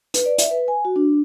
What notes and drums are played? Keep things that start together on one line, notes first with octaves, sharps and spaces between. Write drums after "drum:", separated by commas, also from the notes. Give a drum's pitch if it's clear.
B4, drum: hi-hat
D5
E5, drum: hi-hat
B4
G#5
F#4
D4